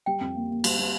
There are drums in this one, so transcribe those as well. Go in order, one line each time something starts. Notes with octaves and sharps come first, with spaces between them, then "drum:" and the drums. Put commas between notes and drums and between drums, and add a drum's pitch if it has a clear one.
G3 G5
F2
A#3
A#3
G3, drum: cymbal
G3